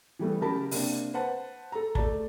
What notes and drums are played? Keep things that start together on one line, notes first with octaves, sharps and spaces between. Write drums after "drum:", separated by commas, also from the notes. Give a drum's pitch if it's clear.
E3 G3 A3 B3
C#3 F#3 G4 A#4 A5 B5
C3 A#3 C4 D4, drum: open hi-hat
B4 C5 F#5 A5
A4 A#5
A3 D5 A5, drum: kick